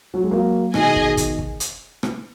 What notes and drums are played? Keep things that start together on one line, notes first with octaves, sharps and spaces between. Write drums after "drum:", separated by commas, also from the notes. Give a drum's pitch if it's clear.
F#3
G#3
F#3 A#3
B2 D#3 G#4 D#5 G#5, drum: rim click
drum: kick
drum: kick, hi-hat
drum: kick
drum: hi-hat
drum: rim click